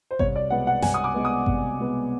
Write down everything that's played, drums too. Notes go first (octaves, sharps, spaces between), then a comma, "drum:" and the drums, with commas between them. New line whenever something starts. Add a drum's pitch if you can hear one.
C5
C2 C#5, drum: kick G#1
D5
B2 G#3 B3 F#5
F#5
C2 G#5, drum: snare
D#6
D6
B2 G#3 B3
D#6
C2, drum: kick G#1
B2 G#3 B3